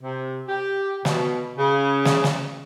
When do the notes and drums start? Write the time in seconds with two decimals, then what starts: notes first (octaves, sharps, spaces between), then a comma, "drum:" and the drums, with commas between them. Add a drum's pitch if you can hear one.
0.01 C3
0.48 G4
1.05 B2, drum: snare
1.57 C#3
2.05 drum: snare
2.24 drum: snare